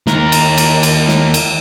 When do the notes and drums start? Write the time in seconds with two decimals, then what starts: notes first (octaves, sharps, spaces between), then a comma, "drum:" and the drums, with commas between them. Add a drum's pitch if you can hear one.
0.07 D#2 A#4, drum: snare
0.32 drum: cymbal
0.58 drum: cymbal
0.83 drum: cymbal
1.08 drum: snare
1.34 drum: cymbal